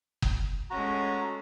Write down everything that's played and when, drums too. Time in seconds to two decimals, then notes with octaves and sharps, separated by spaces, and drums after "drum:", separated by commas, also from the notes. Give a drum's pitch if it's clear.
0.22 drum: kick F#1
0.70 G#3 A3 C#4 F#4 A#5